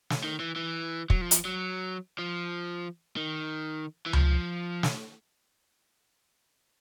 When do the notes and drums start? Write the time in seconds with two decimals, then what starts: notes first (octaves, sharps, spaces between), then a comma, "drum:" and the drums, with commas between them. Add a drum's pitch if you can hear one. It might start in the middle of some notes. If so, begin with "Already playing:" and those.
0.10 drum: snare
0.24 D#3
0.39 E3
0.56 E3
1.10 F#3, drum: kick
1.21 F3
1.31 drum: hi-hat
1.45 F#3
2.19 F3
3.17 D#3
4.06 E3
4.13 F3, drum: tom C#2
4.83 drum: snare